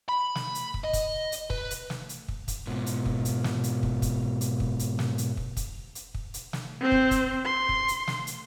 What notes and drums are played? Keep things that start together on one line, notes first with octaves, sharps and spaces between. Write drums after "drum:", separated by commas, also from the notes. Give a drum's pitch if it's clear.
B5
drum: snare
drum: hi-hat
drum: kick
D#5
drum: kick, hi-hat
drum: hi-hat
B4, drum: kick
drum: hi-hat
drum: snare
drum: hi-hat
drum: kick
drum: kick, hi-hat
G#2 B2
drum: hi-hat
drum: kick
drum: hi-hat
drum: snare
drum: hi-hat
drum: kick
drum: kick, hi-hat
drum: hi-hat
drum: kick
drum: hi-hat
drum: snare
drum: hi-hat
drum: kick
drum: kick, hi-hat
drum: hi-hat
drum: kick
drum: hi-hat
drum: snare
C4 C5
drum: kick
drum: kick, hi-hat
C6
drum: kick
drum: hi-hat
drum: snare
drum: hi-hat